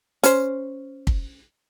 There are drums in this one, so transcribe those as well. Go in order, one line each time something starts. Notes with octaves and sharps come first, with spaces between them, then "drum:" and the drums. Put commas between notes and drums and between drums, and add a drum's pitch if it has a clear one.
C#4 C5, drum: hi-hat
drum: kick